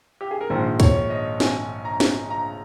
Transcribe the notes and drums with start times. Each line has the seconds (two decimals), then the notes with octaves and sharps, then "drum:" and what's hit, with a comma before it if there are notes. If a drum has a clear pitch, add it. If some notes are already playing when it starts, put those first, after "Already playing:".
0.21 G4
0.31 G#4
0.41 A#4
0.50 A#1 G#2 D#3 C5
0.80 C#5, drum: kick, hi-hat
1.10 D#5
1.40 G#5, drum: snare
1.85 A#5
2.00 drum: snare
2.30 A#5